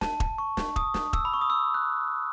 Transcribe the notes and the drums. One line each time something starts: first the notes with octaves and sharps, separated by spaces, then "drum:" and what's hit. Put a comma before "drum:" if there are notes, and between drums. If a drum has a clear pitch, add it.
A5, drum: snare
drum: kick E1
C#6
drum: snare
D#6, drum: kick E1
drum: snare
E6, drum: kick E1
B5
C#6
D#6
E6
F#6